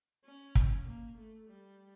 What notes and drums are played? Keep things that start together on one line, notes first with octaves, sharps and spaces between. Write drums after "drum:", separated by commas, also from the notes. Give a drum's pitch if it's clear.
C#4
drum: kick
A#3
A3
G3